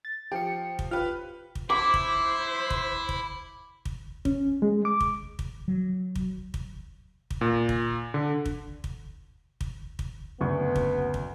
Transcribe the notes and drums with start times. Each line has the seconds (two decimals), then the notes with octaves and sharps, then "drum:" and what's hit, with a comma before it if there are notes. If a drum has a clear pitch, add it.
0.05 A6
0.32 F3 G4 G5 C#7
0.79 drum: kick
0.91 F4 G4 B4 F6
1.55 drum: kick
1.70 E4 C5 D6
1.94 drum: kick
2.70 drum: kick
3.09 drum: kick
3.85 drum: kick
4.25 C#4, drum: kick
4.62 G#3
4.85 D6
5.00 drum: kick
5.39 drum: kick
5.68 F#3
6.15 drum: kick
6.54 drum: kick
7.31 drum: kick
7.41 A#2
7.69 drum: kick
8.14 D3
8.46 drum: kick
8.84 drum: kick
9.61 drum: kick
9.99 drum: kick
10.40 F#1 D2 B3 C#6
10.76 drum: kick
11.14 drum: kick